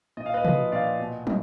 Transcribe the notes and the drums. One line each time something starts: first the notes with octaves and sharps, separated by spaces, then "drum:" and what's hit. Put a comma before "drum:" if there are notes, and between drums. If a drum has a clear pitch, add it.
A#2 D#5
F5
B4 D#5
F3 B4 D#5, drum: tom
A#2 D5 F5
B2
F#3, drum: tom